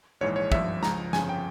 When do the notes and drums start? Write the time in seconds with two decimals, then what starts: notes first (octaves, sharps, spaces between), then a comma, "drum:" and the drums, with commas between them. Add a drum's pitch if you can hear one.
0.21 A#1 G#2 E3 C#5
0.36 C#5
0.52 G#1 G2 F3 E5, drum: kick
0.83 C#2 C#3 F3 A#5, drum: snare
1.13 G1 F2 C#3 F3 G#5, drum: snare
1.29 G5